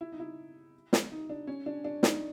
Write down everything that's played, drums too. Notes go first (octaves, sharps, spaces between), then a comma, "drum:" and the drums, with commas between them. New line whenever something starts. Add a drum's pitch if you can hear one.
E4
D#4
E4
drum: snare
D#4
D4
C#4
D4
D4
D#4, drum: snare